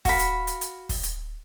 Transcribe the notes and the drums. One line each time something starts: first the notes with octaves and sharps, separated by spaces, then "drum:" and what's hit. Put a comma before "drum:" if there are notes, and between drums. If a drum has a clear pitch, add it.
F#4 F5 B5, drum: kick, open hi-hat
drum: hi-hat
drum: hi-hat
drum: hi-hat
drum: kick, open hi-hat
drum: hi-hat